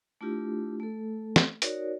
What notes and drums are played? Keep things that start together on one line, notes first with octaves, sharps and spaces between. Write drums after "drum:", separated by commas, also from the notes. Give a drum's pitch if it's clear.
A3 D4 E4 F4 G4
A3 A4
drum: snare
D#4 F#4 A#4 C#5 D5, drum: hi-hat